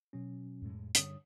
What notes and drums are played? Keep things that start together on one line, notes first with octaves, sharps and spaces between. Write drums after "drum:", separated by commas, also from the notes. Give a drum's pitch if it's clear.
B2 F#3 C#4
F2 A2 G#3
G2 D3 C#5 D#6, drum: hi-hat